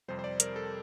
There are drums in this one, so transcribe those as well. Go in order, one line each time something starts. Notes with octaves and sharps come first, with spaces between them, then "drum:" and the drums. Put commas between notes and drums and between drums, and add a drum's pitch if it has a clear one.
F2 C3 G3 C5
C5
D5
A#4, drum: hi-hat
A4